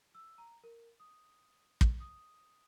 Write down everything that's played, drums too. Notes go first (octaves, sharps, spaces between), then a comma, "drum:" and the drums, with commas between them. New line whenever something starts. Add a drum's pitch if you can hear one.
E6
A#5
A#4
D#6
drum: kick
D#6